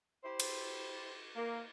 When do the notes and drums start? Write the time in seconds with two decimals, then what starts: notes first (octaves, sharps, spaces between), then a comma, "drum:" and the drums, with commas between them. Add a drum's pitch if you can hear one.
0.24 E4 G4 C5
0.40 drum: cymbal
1.35 A#3